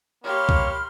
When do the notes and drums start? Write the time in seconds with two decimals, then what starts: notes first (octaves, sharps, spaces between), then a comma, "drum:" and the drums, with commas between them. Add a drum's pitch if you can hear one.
0.24 A#3 G4 C#5 B5 C6 F6
0.49 drum: kick C2